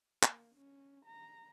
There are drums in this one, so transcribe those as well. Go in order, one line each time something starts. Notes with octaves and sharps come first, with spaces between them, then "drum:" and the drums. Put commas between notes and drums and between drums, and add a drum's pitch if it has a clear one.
A#3, drum: clap
C#4
A#5